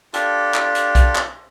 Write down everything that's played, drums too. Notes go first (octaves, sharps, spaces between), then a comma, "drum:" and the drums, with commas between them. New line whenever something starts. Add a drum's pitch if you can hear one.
D4 F4 G4 A4, drum: hi-hat
drum: clap
drum: hi-hat
drum: kick, hi-hat
drum: clap